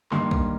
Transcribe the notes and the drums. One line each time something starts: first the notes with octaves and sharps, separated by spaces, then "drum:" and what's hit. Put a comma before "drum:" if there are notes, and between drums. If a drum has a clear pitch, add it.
G2 D#3 A#3 C6, drum: clap
drum: kick